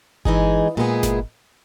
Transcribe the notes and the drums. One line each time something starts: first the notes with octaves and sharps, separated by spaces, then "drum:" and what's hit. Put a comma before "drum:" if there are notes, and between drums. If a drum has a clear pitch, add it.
E3 G#3 D#4 G#4, drum: kick G1
A#2 G#3 B3 E4 G#4
drum: snare G1